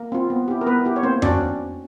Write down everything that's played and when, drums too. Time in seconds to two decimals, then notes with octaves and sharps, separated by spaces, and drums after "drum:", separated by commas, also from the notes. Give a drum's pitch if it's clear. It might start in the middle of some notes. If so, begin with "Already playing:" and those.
Already playing: A#3 A#4
0.12 C4 F4
0.30 B3
0.48 E4 G4
0.61 A#4
0.66 B3 B4
0.85 E4 G4
0.96 C#5
1.03 A#3 C4 C5
1.22 C#4 D4 F#4 D5, drum: tom F2